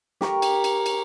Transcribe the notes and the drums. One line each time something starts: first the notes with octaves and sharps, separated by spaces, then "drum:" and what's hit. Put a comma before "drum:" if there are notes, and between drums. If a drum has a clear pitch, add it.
G4 A#4 C#6, drum: snare
drum: cymbal
drum: cymbal
drum: cymbal